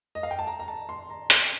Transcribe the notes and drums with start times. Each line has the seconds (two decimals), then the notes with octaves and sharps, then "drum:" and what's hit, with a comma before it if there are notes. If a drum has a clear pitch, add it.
0.15 D#5
0.23 F5
0.31 G5
0.39 A5
0.47 A#5
0.59 A#5
0.68 A5
0.89 C6
1.10 A#5
1.30 C6, drum: hi-hat